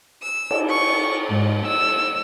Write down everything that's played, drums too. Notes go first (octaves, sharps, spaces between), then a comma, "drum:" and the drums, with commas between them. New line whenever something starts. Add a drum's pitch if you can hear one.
E6
drum: cymbal
C#6
G#2
E6